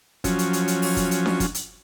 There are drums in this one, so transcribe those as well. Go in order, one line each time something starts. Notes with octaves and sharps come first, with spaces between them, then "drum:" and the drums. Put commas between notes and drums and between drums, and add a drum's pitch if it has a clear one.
F3 F#3 C#4, drum: kick, hi-hat
drum: hi-hat
drum: hi-hat
drum: hi-hat
drum: open hi-hat
drum: kick, hi-hat
drum: hi-hat
drum: snare D4
drum: kick, hi-hat
drum: hi-hat